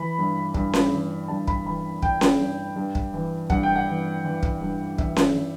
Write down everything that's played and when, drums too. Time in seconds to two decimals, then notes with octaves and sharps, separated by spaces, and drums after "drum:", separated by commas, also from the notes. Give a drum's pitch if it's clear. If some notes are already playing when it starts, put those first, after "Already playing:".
Already playing: E3 B5
0.19 G2
0.54 G2, drum: kick
0.73 drum: snare C#4
0.92 E3
1.28 G2 A5
1.48 B5, drum: kick
1.65 E3 B5
2.02 E3 G5, drum: kick
2.21 drum: snare C#4
2.39 G2
2.76 G2
2.95 drum: kick
3.14 E3
3.50 G2 F#5, drum: kick
3.63 G5
3.76 F#5
3.87 E3
4.25 E3
4.43 drum: kick
4.62 G2
4.98 E3 E5, drum: kick
5.16 drum: snare C#4
5.35 E3